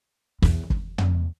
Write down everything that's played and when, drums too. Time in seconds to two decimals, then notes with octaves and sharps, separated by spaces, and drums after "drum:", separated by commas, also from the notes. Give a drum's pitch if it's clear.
0.42 E2, drum: snare
0.70 drum: kick
0.98 drum: tom